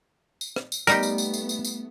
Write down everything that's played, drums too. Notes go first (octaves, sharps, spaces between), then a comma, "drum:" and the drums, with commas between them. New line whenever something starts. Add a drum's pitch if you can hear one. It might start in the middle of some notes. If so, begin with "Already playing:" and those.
drum: tambourine
drum: rim click
drum: tambourine
G3 A3 B3 D#4 G4 A#4, drum: tambourine
drum: tambourine
drum: tambourine
drum: tambourine
drum: tambourine
drum: tambourine